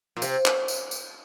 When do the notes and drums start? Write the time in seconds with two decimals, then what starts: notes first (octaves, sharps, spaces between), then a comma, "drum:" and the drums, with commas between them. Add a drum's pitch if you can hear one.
0.17 A#2
0.22 C3, drum: tambourine
0.45 drum: clap
0.68 drum: tambourine
0.91 drum: tambourine